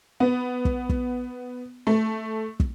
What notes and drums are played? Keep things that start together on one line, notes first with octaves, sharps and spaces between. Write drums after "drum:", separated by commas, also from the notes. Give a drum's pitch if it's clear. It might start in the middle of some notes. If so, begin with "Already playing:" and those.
B3
drum: kick
drum: kick
A3
drum: kick